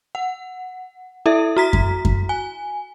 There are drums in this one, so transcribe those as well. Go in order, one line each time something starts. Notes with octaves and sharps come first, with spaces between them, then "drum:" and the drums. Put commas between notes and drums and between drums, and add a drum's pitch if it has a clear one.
F#5
E4 A4 E5
F#4 A#5 B6
drum: kick F#2
drum: kick F#2
G#5